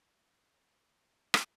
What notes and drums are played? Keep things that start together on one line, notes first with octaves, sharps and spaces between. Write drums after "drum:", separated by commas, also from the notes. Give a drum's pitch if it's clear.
F4 A4
F3 G#3 A3
drum: rim click